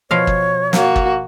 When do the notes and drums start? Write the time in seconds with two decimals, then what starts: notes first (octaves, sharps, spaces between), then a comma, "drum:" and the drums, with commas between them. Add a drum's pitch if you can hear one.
0.11 B2 F3 C#5 F5
0.27 drum: kick
0.73 A#3 F#4, drum: snare
0.96 drum: kick